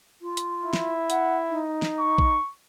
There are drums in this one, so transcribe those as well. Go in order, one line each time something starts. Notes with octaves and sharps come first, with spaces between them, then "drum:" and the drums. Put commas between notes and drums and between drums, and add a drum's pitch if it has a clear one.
F4
drum: hi-hat
E4
drum: snare
F#5, drum: hi-hat
D#4
drum: snare
C#6
drum: kick A#1